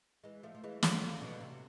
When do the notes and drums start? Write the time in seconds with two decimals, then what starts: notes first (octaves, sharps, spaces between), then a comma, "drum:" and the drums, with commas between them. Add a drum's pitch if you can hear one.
0.24 E3 G#3
0.43 F3 A3
0.55 F3
0.64 E3 G#3
0.83 F3 A3, drum: snare
1.02 D3 F3
1.21 B2 D3
1.41 C3